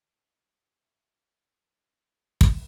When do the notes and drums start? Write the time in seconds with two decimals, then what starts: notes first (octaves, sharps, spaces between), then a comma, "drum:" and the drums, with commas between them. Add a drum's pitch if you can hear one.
0.01 G#1
0.80 E5
2.41 drum: kick